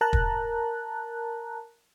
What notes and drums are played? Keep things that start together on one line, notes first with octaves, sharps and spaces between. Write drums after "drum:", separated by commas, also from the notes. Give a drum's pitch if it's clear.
A#4 A5 A#5 F#6
drum: kick